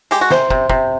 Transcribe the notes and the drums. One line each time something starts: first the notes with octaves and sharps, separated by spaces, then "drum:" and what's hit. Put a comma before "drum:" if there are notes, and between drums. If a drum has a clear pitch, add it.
G#3 G4, drum: hi-hat
F#4
C3 C5, drum: snare
C3, drum: kick
C3, drum: kick